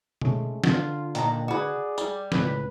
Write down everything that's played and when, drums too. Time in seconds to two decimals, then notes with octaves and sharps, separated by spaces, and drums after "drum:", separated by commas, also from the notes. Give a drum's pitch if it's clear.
0.21 G#3 A3 C#4, drum: tom B2
0.64 D3 F4, drum: snare
1.15 A#2 D#3 D4 G5 A#5, drum: hi-hat
1.48 F#4 G#4 B4 D5
1.98 G3, drum: tambourine
2.32 C#2 A2 B4, drum: snare